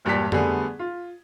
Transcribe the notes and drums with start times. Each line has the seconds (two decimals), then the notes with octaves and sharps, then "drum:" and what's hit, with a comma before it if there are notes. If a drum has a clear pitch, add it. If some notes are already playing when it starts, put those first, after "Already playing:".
0.05 E1 G2 A#2 G4 A5 B6
0.32 D3 G3 A3 B3 G#4, drum: tom F2
0.79 F4